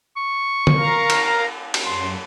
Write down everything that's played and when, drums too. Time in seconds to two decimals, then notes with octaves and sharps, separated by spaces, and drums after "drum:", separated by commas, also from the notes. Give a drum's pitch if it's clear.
0.17 C#6
0.67 drum: tom
0.78 A#4 F5 A#5
1.10 drum: cymbal
1.74 drum: cymbal
1.85 F#2 C6